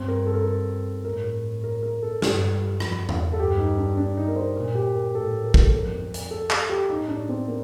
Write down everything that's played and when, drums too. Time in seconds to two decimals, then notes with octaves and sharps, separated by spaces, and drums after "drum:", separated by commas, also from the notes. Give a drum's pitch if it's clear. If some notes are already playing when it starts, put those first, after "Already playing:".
Already playing: G2 C4
0.08 A#4
0.26 A4
0.34 A#4
0.42 A4
1.04 A2 A#4
1.24 A#4
1.64 A#4
1.83 A#4
2.03 A4
2.22 G2 A4, drum: snare
2.80 F2, drum: rim click
3.09 drum: tom E2
3.33 A4
3.38 G2 G4
3.58 D#4
3.78 D4
3.97 D4
4.17 D#4
4.28 A#4
4.36 C5
4.56 A#2 A#4
4.75 G4
4.95 A#4
5.15 A2 A4
5.44 A#4
5.54 drum: kick
5.64 A4
5.72 F2 A#4
6.14 drum: hi-hat
6.31 A4
6.50 A4, drum: clap
6.69 G4
6.89 A2 D#4
7.08 D4
7.29 C4
7.48 A#3